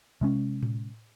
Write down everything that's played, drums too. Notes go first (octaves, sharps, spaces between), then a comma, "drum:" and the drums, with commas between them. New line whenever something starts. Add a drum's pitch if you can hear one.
C3 G#3 C#4
drum: tom A2